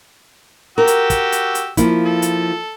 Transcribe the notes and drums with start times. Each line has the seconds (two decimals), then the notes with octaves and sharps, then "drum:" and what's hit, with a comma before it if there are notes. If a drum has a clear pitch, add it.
0.78 F#4 G4 A#4 E6
0.87 drum: hi-hat
1.10 drum: kick, hi-hat
1.32 drum: hi-hat
1.55 drum: hi-hat
1.77 F3 A#3 E4, drum: kick, hi-hat
2.06 A4
2.22 drum: hi-hat